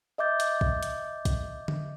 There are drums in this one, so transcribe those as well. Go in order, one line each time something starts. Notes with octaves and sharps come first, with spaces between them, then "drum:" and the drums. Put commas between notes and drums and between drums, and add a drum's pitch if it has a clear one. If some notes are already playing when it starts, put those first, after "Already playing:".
D#5 E5 D6 G6 A6
drum: hi-hat
drum: kick
drum: hi-hat
drum: kick, hi-hat
drum: tom D3